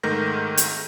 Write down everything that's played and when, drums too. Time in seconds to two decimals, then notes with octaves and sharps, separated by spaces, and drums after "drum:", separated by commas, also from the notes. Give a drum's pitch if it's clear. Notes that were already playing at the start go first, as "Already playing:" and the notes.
0.03 G#2 D#3 A3 A#4 G6 A#6
0.57 drum: hi-hat